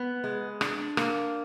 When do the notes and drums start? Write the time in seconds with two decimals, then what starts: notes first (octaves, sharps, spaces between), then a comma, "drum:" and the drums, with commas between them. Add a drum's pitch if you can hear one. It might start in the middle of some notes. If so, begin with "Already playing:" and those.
Already playing: B3
0.24 G#3
0.61 D4, drum: rim click
0.97 A#3, drum: rim click